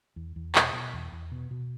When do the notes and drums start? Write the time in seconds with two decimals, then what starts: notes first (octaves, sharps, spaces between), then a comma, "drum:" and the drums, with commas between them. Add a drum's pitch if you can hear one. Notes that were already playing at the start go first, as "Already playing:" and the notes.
0.16 E2
0.36 E2
0.55 B2, drum: clap
0.73 B2
0.93 E2
1.12 E2
1.32 B2
1.51 B2